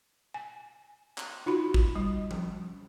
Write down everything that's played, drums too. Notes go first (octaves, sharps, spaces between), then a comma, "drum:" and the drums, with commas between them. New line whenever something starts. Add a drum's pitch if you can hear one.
G#5
drum: clap
D#4 F4 F#4 B5
drum: kick
G3
drum: tom F3